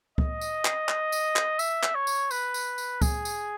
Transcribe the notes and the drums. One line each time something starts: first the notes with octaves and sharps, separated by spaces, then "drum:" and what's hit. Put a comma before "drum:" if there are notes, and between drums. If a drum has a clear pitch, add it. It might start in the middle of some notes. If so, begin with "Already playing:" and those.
D#5, drum: kick C#2
drum: tambourine
drum: clap
drum: clap
drum: tambourine
drum: clap
E5, drum: tambourine
drum: clap
C#5
drum: tambourine
B4, drum: tambourine
drum: tambourine
drum: tambourine
G#4, drum: kick C#2, tambourine
drum: tambourine